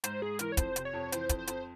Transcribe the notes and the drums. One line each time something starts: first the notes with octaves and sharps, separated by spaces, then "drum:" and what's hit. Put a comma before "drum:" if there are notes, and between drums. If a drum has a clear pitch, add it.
G#2 C5, drum: hi-hat
G#2 G#4
E3 A#4, drum: hi-hat
C#5
F2 C5, drum: kick, hi-hat
C3, drum: hi-hat
C#5
F2
E3 C5, drum: hi-hat
F2, drum: kick, hi-hat
C5
F2, drum: hi-hat